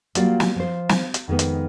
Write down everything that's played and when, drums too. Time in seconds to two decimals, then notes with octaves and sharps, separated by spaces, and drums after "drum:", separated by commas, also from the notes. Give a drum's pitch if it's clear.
0.15 F#3 G3 A#3 F4 G4 D5, drum: hi-hat
0.40 drum: snare
0.56 F3 C5
0.89 drum: snare
1.14 drum: hi-hat
1.28 F2 D#3 G#3 B3
1.39 drum: hi-hat